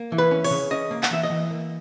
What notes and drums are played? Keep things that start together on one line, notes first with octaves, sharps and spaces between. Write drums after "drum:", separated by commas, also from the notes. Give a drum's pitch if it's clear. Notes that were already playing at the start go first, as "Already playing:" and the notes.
Already playing: A#3
E3
B4
C#4
C#5, drum: open hi-hat
C#3
C#4 D#5
A#3
F#5, drum: clap
E3 E5
D#5
E3
A#3